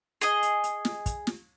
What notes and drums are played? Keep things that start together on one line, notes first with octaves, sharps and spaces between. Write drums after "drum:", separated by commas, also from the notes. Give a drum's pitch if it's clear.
G#4 D#5, drum: hi-hat
drum: hi-hat
drum: hi-hat
drum: snare
drum: kick, hi-hat
drum: snare